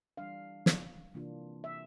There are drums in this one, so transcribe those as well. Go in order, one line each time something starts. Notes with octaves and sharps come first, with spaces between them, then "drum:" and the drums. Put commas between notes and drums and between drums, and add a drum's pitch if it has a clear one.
E3 G3 D4 F5
drum: snare
C3 E3 A#3 D4 F4
E5